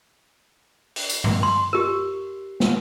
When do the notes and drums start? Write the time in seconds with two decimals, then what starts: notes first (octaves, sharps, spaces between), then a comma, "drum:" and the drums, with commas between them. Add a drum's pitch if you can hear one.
0.96 drum: open hi-hat
1.10 drum: tambourine
1.24 drum: tom G2
1.43 C6
1.73 G4 A#4
2.60 drum: snare